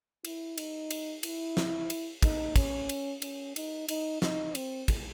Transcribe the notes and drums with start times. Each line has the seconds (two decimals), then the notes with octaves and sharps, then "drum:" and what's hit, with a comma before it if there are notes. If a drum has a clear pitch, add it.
0.25 E4, drum: cymbal
0.58 D#4, drum: cymbal
0.91 drum: cymbal
1.23 E4, drum: cymbal
1.57 drum: snare
1.90 drum: cymbal
2.22 D#4, drum: kick, cymbal
2.56 C#4, drum: kick, cymbal
2.89 drum: cymbal
3.22 C#4, drum: cymbal
3.56 D#4, drum: cymbal
3.88 D#4, drum: cymbal
4.22 D#4, drum: snare
4.55 C4, drum: cymbal
4.88 drum: kick, cymbal